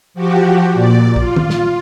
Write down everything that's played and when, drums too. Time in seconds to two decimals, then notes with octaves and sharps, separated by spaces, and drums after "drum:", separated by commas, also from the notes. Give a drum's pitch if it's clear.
0.14 F3 F#4 G4
0.73 A#2 D5
1.16 F4, drum: kick
1.36 drum: tom
1.50 drum: snare